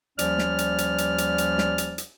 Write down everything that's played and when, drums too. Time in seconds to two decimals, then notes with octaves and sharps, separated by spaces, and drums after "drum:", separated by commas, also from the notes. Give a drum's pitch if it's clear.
0.19 D#2 F3 G3 C#4 D5 F6, drum: hi-hat
0.39 drum: snare
0.58 drum: hi-hat
0.78 drum: hi-hat
0.98 drum: hi-hat
1.18 drum: hi-hat
1.38 drum: hi-hat
1.58 drum: snare
1.78 drum: hi-hat
1.98 drum: hi-hat